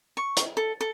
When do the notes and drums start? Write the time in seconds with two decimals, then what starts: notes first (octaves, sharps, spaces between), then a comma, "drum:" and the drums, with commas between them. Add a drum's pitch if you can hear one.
0.17 C#6
0.37 drum: hi-hat
0.57 A4
0.81 A4